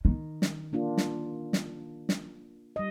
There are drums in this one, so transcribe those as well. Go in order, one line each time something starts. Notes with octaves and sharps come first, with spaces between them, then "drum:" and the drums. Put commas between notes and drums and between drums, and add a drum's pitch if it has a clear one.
D#3
drum: snare
A#3 D4 F4
drum: snare
drum: snare
drum: snare
G3 D#5